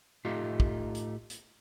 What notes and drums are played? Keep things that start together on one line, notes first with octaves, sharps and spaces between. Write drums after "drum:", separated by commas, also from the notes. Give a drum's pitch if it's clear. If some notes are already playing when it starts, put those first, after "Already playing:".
A2 A3 D#4 F4 G4
drum: kick
drum: hi-hat
drum: hi-hat